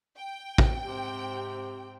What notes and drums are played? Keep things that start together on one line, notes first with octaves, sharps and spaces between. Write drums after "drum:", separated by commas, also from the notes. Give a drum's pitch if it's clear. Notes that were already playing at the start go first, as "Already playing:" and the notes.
G5
drum: kick
G#2 C3 C4 G4